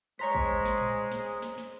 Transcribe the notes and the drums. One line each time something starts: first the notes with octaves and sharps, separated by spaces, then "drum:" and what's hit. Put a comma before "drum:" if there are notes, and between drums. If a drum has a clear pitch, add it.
G#3 C5 C#5 A#5 B6
drum: kick
drum: snare
drum: tom A2
drum: snare
drum: snare
drum: snare